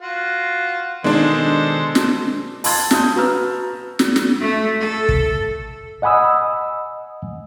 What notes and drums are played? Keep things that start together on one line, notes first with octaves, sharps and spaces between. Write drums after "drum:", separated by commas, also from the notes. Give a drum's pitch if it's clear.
F4 F#4
B2 D#3 G#3 D4 A4 C5
drum: snare
A5 C6 G#6 A6, drum: open hi-hat
A5 D#6 G6, drum: snare
F#4 B4 A#5 E6 F6
drum: snare
drum: snare
A3
A4
drum: kick
D#5 F#5 G#5 B5 D#6 E6